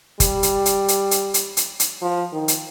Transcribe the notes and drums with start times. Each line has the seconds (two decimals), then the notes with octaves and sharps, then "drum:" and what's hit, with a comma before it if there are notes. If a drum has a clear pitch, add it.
0.20 G3, drum: kick F#1, hi-hat
0.43 drum: hi-hat
0.66 drum: hi-hat
0.88 drum: hi-hat
1.11 drum: hi-hat
1.34 drum: hi-hat
1.57 drum: hi-hat
1.80 drum: hi-hat
2.02 F3
2.33 D#3
2.48 drum: hi-hat